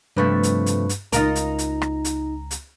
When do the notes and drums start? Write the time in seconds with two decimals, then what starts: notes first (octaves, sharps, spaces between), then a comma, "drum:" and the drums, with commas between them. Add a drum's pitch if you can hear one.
0.17 G2 C3 F3 A3 B4 C#6
0.43 drum: hi-hat
0.66 drum: hi-hat
0.89 drum: hi-hat
1.12 C#2 D#4 F4 A#4 A#5, drum: hi-hat
1.35 drum: hi-hat
1.59 drum: hi-hat
1.82 drum: rim click
2.05 drum: hi-hat
2.51 drum: hi-hat